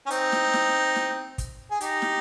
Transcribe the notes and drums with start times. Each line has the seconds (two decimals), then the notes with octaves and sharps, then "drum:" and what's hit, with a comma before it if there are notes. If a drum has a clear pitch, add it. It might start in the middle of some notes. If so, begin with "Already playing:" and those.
0.06 C#4
0.10 C4 D#4, drum: hi-hat
0.32 drum: snare
0.53 drum: snare
0.96 drum: snare
1.38 drum: kick, hi-hat
1.71 G#4
1.81 D#4 G4, drum: hi-hat
2.02 drum: snare